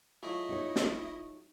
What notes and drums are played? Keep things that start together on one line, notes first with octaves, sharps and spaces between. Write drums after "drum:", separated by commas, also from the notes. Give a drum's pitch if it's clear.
F#3 A3 E4 F4 G#4 D#5
D#4 F#4 C#5
drum: snare